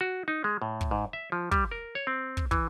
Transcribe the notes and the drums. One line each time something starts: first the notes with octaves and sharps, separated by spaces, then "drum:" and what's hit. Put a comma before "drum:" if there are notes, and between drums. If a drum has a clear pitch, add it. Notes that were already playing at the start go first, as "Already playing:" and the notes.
F#4
D#4
G#3
A2
drum: kick
G#2
E5
F3
G3, drum: kick
A#4
C#5
C4
drum: kick
E3, drum: kick